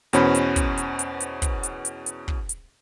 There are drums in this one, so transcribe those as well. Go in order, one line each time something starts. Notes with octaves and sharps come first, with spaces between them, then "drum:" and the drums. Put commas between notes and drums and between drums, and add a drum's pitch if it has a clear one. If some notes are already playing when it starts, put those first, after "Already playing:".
E2 B2 C#4 C5 B5, drum: hi-hat
drum: hi-hat
drum: kick, hi-hat
drum: hi-hat
drum: hi-hat
drum: hi-hat
drum: kick, hi-hat
drum: hi-hat
drum: hi-hat
drum: hi-hat
drum: kick
drum: hi-hat